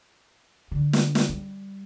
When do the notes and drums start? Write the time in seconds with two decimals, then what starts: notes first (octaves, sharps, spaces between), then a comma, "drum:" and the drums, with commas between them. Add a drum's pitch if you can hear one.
0.71 D3
0.93 drum: snare
1.15 drum: snare
1.29 G3